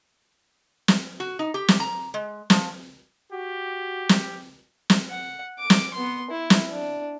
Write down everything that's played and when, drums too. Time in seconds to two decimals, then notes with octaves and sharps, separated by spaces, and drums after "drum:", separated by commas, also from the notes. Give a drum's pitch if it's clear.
0.88 drum: snare
1.20 F#4
1.39 D#4
1.54 G4
1.68 drum: snare
1.80 A#5
2.14 G#3
2.50 F3, drum: snare
3.32 F#4 G4
4.09 drum: snare
4.90 drum: snare
5.10 F#5
5.59 D6
5.70 drum: snare
5.94 B3 C6
6.31 E4
6.50 drum: snare
6.71 D4